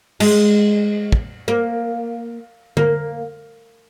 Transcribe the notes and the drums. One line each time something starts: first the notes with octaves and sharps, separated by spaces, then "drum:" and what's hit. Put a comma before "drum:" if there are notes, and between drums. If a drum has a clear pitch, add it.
G#3, drum: cymbal
drum: kick
A#3
A#3, drum: tom D3